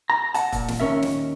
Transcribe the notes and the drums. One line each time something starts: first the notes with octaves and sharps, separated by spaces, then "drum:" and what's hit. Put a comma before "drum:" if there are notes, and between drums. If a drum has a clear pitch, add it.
A#5
F#5 A5, drum: hi-hat
A#2, drum: kick, hi-hat
drum: snare
D#2 C#4 A#4 E5
drum: snare